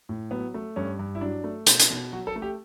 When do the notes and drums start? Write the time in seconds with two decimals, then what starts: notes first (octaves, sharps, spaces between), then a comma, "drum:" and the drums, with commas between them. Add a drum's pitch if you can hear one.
0.09 A2
0.31 F#3 B3
0.54 A3
0.76 G2 C#4
0.99 G2
1.15 E4
1.21 F#3 D4
1.44 A3
1.66 B2, drum: hi-hat
1.79 drum: hi-hat
1.90 B2
2.12 F#3 F#4
2.27 A4
2.36 A3
2.42 G4